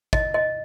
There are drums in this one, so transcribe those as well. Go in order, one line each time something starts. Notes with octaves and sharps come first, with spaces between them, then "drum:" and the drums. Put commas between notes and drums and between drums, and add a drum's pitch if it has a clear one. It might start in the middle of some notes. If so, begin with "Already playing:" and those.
D#5, drum: kick
D#5